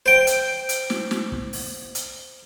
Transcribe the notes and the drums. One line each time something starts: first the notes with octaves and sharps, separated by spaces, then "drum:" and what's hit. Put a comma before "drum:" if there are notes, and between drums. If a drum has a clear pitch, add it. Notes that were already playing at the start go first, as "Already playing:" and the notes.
C5 G5
drum: hi-hat
drum: hi-hat
drum: snare
drum: snare
drum: kick
drum: open hi-hat
drum: hi-hat